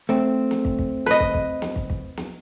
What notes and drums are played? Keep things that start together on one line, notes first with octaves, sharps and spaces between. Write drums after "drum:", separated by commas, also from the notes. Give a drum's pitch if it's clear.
A3 C4
drum: snare
drum: kick
drum: kick
B4 D#5, drum: snare
drum: kick
drum: kick
drum: snare
drum: kick
drum: kick
drum: snare